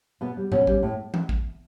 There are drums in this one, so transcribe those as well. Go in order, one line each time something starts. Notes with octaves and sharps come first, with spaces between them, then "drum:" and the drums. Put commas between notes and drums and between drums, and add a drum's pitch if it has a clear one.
B2 B3
G3
B2 C#4, drum: tom G#2
G3, drum: kick
A2
drum: tom E3
drum: kick